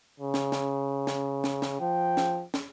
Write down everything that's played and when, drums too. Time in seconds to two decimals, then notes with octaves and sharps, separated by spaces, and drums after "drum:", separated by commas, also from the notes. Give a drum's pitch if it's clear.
0.20 C#3
0.34 drum: snare
0.52 drum: snare
1.07 drum: snare
1.44 drum: snare
1.62 drum: snare
1.80 F3 G5
2.17 drum: snare
2.54 drum: snare